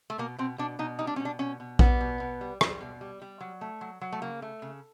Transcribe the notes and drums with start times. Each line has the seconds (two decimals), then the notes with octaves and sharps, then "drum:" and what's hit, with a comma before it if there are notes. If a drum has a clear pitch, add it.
0.10 A3
0.18 B2 A#3
0.38 B2 C4
0.58 B2 D4
0.79 B2 D#4
0.99 G3 D#4
1.07 D4
1.16 C#4
1.20 B2
1.25 D4
1.39 B2 C#4
1.60 B2
1.79 G3 B3, drum: kick A#1
2.01 B2
2.20 B2
2.41 G3
2.61 G3, drum: rim click
2.81 B2
3.01 G3
3.22 G3
3.41 F#3
3.61 A3
3.81 F#3
4.01 F#3
4.12 A3
4.22 C#3 A#3
4.42 A3
4.62 C#3